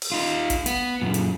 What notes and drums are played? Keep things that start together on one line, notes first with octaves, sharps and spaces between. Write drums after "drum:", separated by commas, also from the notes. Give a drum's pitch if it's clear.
drum: open hi-hat
D#4 F4
drum: kick G1, hi-hat
B3, drum: hi-hat
F#2 A#2
drum: hi-hat